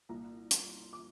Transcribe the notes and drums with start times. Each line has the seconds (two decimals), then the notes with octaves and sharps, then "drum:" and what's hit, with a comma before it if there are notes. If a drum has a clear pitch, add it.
0.09 C2 A#2 A#5
0.51 C6, drum: hi-hat
0.93 D6